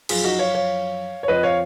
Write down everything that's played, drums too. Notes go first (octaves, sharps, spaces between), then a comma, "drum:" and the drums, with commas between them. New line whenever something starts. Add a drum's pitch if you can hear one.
F#2 F3 F4 G#4, drum: cymbal
D#4 F#4
C#5 F5
C#5 F5
C#5
F2 F3 B4 D#5
C#5 F5